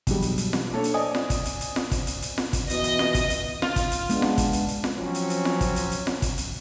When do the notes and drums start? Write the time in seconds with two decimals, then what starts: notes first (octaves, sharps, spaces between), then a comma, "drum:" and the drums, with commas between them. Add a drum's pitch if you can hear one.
0.07 B2 F#3 G3, drum: kick, hi-hat
0.22 drum: hi-hat
0.38 drum: hi-hat
0.53 drum: snare F4
0.72 A#3 D4 A4 C#5
0.84 drum: hi-hat
0.94 C5 D5 D#5 G#5 D#6
1.15 drum: snare F4
1.30 drum: kick, hi-hat
1.45 drum: hi-hat
1.61 drum: hi-hat
1.76 drum: snare F4
1.91 drum: kick, hi-hat
2.07 drum: hi-hat
2.22 drum: hi-hat
2.38 drum: snare F4
2.53 drum: kick, hi-hat
2.70 B2 E3 D#5, drum: hi-hat
2.84 drum: hi-hat
2.99 drum: snare F4
3.15 drum: kick, hi-hat
3.30 drum: hi-hat
3.62 F4, drum: snare F4
3.76 drum: kick, hi-hat
3.91 drum: hi-hat
4.09 G#3 B3 D4, drum: hi-hat
4.22 drum: snare F4
4.38 drum: kick, hi-hat
4.53 drum: hi-hat
4.68 drum: hi-hat
4.84 drum: snare F4
4.95 F3 F#3 C4 C#4
5.15 drum: hi-hat
5.30 drum: hi-hat
5.45 drum: snare F4
5.61 drum: kick, hi-hat
5.76 drum: hi-hat
5.91 drum: hi-hat
6.07 drum: snare F4
6.22 drum: kick, hi-hat
6.38 drum: hi-hat